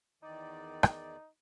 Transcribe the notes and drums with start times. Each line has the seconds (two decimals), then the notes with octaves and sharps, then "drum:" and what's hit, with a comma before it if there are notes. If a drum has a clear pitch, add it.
0.23 E2 D#3 D#4 D5
0.83 drum: rim click